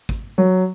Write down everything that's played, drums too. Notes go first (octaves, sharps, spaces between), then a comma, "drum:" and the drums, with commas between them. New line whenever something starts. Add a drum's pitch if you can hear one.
drum: kick
F#3